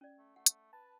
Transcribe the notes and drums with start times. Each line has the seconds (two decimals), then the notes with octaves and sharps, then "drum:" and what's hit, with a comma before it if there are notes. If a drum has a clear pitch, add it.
0.01 C#4 D5
0.18 A3
0.36 A3 F#5
0.46 drum: hi-hat
0.73 B4 A5